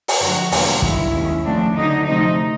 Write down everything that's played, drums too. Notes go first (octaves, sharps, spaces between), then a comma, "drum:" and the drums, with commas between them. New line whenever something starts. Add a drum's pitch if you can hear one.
drum: open hi-hat
F#2 D3 F3 G#3 F#4
E2 B2 G3 A#3 D4 F4, drum: open hi-hat
G2 D#3 F#3 E4, drum: kick
D#2 D#3 G#3 C#4
C#3 F3 A3 C4 D4
D2 D3 F#3 D#4
C3 F3 A3 C4 D#4